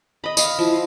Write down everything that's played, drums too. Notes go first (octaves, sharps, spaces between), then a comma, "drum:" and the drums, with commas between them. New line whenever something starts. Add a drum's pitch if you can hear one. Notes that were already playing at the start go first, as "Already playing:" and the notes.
D#5 B5
D#5 F5, drum: tambourine
F3 E4